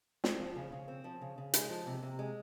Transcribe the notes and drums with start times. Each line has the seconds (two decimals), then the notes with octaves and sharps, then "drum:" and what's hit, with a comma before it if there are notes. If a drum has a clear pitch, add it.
0.24 C4, drum: snare
0.40 F3
0.56 C#3
0.72 C#3
0.88 C4
1.04 F3
1.21 C#3
1.38 C#3
1.54 G#3, drum: hi-hat
1.70 F3
1.86 C3
2.03 C3
2.19 G#3